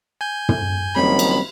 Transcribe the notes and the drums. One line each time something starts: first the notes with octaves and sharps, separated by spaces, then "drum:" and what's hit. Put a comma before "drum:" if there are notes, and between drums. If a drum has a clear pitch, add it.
G#5 G6
drum: tom
F#1 D#3 F3 G3 C4 C#5 B5
drum: cymbal